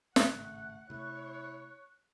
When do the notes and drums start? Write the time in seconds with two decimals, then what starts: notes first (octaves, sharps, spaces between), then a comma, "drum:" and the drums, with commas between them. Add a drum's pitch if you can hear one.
0.16 G#1 A2 C#3 A3 F#5 F#6, drum: snare
0.90 C3 A3 E4 C#5